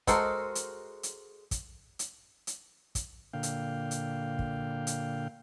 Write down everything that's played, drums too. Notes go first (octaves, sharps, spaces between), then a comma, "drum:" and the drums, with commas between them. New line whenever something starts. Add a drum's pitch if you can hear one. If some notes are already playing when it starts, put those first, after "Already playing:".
G#3 F#4 A4 A#4 C5, drum: kick, hi-hat
drum: hi-hat
drum: hi-hat
drum: kick, hi-hat
drum: hi-hat
drum: hi-hat
drum: kick, hi-hat
A#2 D3 F5 G5
drum: hi-hat
drum: hi-hat
drum: kick
drum: hi-hat